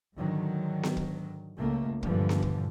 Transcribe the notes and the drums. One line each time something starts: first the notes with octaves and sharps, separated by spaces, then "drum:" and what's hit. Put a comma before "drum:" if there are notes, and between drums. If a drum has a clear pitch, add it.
G#2 D3 D#3 F#3
drum: snare B3
drum: kick
C#2 A3 A#3
G2 A#2 D3 E3 F3, drum: kick
drum: snare B3
drum: kick